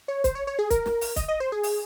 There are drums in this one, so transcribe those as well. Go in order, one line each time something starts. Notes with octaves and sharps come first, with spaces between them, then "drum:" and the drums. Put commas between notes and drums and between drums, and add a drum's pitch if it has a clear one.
C#5
C5, drum: kick, hi-hat
C#5
C#5
G#4
A#4, drum: kick, hi-hat
drum: snare
drum: open hi-hat
D#5, drum: kick, hi-hat
D#5
C5
G#4
drum: open hi-hat